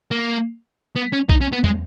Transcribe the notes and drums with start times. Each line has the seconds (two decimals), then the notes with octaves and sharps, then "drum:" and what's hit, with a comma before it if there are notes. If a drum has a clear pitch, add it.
0.11 A#3
0.96 B3
1.13 C#4
1.29 D#4, drum: kick B1
1.41 C#4
1.53 B3
1.64 G#3, drum: tom